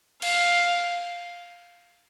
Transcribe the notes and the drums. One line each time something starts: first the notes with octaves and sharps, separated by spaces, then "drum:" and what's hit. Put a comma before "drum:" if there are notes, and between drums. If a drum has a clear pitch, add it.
F5, drum: cymbal